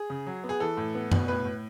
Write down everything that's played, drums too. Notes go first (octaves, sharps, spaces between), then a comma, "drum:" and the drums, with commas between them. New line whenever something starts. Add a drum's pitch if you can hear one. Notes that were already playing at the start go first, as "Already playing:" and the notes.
Already playing: G#4
C#3
F#3
B3
G#4
E3 A4
A2
B3
B2, drum: tom F#2
A2 B4
A2